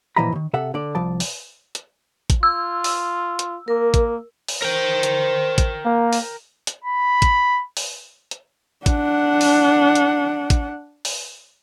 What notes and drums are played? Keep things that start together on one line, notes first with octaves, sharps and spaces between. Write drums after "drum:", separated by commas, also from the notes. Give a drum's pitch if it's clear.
A#2 E3 F3 D#5 A#5 B5
B2 D#3
C3 A4 E5 F#5
D3 D5
C2 F3 D5 A5
drum: open hi-hat
drum: hi-hat
drum: kick, hi-hat
F4 E6
drum: open hi-hat
drum: hi-hat
A#3 A#4
drum: kick, hi-hat
drum: open hi-hat
A#4 C5 G5
drum: hi-hat
drum: kick, hi-hat
A#3
drum: open hi-hat
drum: hi-hat
B5
drum: kick, hi-hat
drum: open hi-hat
drum: hi-hat
D4 F#5, drum: kick, hi-hat
drum: open hi-hat
drum: hi-hat
drum: kick, hi-hat
drum: open hi-hat